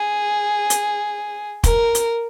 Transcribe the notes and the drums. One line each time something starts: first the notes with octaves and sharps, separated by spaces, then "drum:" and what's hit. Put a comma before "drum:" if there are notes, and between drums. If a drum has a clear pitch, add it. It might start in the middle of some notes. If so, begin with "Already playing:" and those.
Already playing: G#4
drum: hi-hat
A#4, drum: kick, hi-hat
drum: hi-hat